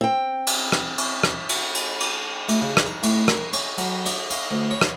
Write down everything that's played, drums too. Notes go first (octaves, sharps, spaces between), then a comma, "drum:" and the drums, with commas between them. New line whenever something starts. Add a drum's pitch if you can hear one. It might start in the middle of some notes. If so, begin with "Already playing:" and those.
C4 G5
drum: cymbal
drum: rim click
drum: cymbal
drum: rim click
drum: cymbal
drum: cymbal
drum: cymbal
A3, drum: cymbal
C#3
drum: rim click
A#5
A2, drum: cymbal
A#4, drum: rim click
C#4, drum: cymbal
F#3, drum: cymbal
D4, drum: cymbal
F5, drum: cymbal
D2
C#5
drum: rim click